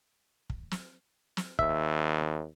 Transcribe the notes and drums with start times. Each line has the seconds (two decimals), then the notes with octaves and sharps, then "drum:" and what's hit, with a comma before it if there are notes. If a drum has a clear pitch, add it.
0.50 drum: kick
0.71 drum: snare
1.37 drum: snare
1.59 D#2 E5, drum: kick